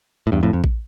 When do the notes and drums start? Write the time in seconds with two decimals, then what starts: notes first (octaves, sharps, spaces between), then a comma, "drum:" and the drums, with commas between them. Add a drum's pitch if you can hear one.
0.27 A2
0.32 E2 G2
0.43 F2 A2
0.53 F2
0.64 drum: kick A1